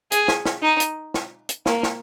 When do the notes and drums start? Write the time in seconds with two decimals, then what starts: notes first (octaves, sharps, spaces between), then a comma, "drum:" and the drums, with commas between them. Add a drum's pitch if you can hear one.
0.12 G#4, drum: hi-hat
0.28 drum: snare
0.45 drum: snare
0.62 D#4
0.80 drum: hi-hat
1.14 drum: snare
1.49 drum: hi-hat
1.66 A#3, drum: snare
1.83 drum: snare